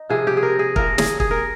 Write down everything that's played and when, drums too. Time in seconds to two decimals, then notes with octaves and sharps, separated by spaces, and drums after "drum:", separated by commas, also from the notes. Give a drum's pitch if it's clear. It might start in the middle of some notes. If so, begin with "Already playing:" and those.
Already playing: D#4
0.09 C3 F3 A#3 G#4
0.27 G4
0.37 G#4
0.43 A#4
0.59 G#4
0.76 C3 F3 A#3 A#4, drum: kick
0.98 G#4, drum: snare
1.20 G#4, drum: kick
1.31 A#4